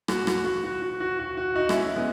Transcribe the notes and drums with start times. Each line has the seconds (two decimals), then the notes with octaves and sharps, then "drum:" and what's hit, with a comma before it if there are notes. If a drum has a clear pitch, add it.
0.08 F#4, drum: rim click
0.27 F#4, drum: rim click
0.45 F#4
0.64 F#4
0.82 F#4
1.00 F#4
1.19 F#4
1.37 F#4
1.56 D#4 F#4
1.69 C#4 E4, drum: rim click
1.96 G#3 B3